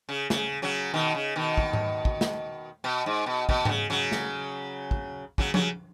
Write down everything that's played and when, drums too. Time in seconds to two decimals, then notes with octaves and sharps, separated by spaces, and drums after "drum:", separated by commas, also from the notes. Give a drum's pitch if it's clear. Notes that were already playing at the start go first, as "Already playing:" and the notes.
0.09 C#3
0.30 C#3, drum: snare
0.62 C#3 F#3
0.94 B2 D#3
1.15 C#3
1.36 B2 D#3
1.57 drum: kick
1.73 drum: tom G#2
2.05 drum: kick
2.21 drum: snare
2.84 B2
3.06 G#2
3.26 B2
3.49 B2, drum: kick
3.65 D#3, drum: tom G#2
3.69 C#3
3.90 C#3 F#3
4.12 drum: snare
4.91 drum: kick
5.38 C#3 F#3, drum: kick
5.54 C#3 F#3, drum: tom F3